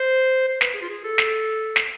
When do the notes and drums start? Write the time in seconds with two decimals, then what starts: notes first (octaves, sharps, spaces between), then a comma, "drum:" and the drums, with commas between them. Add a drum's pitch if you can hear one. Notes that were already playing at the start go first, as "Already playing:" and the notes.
Already playing: C5
0.48 C5
0.61 B4, drum: snare
0.74 G#4
0.82 F4
0.90 G#4
1.04 A4
1.18 drum: snare
1.76 drum: snare